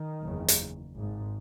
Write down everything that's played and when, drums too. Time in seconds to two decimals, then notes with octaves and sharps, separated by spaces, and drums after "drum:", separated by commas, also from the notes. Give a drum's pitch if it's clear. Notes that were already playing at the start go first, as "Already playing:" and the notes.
Already playing: D#3
0.22 F#1 E2 C#3
0.48 drum: hi-hat
0.96 G#1 G#2